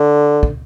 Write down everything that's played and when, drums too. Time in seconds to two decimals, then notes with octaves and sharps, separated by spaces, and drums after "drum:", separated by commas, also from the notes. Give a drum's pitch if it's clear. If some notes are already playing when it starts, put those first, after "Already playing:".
Already playing: D3
0.43 drum: kick